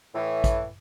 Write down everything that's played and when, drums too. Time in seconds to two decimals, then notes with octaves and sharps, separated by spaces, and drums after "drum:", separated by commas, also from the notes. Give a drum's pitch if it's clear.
0.15 A2 E3
0.44 drum: kick, hi-hat